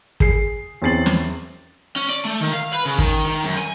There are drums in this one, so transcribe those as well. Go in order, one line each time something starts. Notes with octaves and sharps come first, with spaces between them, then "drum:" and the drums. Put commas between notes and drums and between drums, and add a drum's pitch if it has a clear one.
G#4 C7, drum: kick
E2 C4 C#4 A6 C7 F#7
drum: snare
C#4
D5
A3
D#3
F5
B4
C#3
D#3, drum: kick
D#3
F#2
G#5